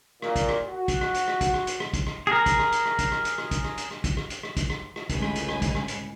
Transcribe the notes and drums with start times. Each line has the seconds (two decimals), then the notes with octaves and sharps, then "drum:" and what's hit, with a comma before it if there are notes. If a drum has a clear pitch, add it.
0.22 A#2, drum: rim click
0.36 drum: kick, hi-hat
0.49 drum: rim click
0.68 F#4
0.88 drum: kick, hi-hat
1.01 drum: rim click
1.15 drum: hi-hat
1.28 drum: rim click
1.41 drum: kick, hi-hat
1.54 drum: rim click
1.67 drum: hi-hat
1.80 drum: rim click
1.93 drum: kick, hi-hat
2.07 drum: rim click
2.27 G#4 A#4
2.46 drum: kick, hi-hat
2.59 drum: rim click
2.72 drum: hi-hat
2.86 drum: rim click
2.99 drum: kick, hi-hat
3.12 drum: rim click
3.25 drum: hi-hat
3.38 drum: rim click
3.51 drum: kick, hi-hat
3.64 drum: rim click
3.78 drum: hi-hat
3.91 drum: rim click
4.04 drum: kick, hi-hat
4.17 drum: rim click
4.30 drum: hi-hat
4.43 drum: rim click
4.57 drum: kick, hi-hat
4.70 drum: rim click
4.96 drum: rim click
5.10 G1 C#2 A2 G#5 B5, drum: kick, hi-hat
5.22 drum: rim click
5.36 drum: hi-hat
5.49 drum: rim click
5.62 drum: kick, hi-hat
5.75 drum: rim click
5.88 drum: hi-hat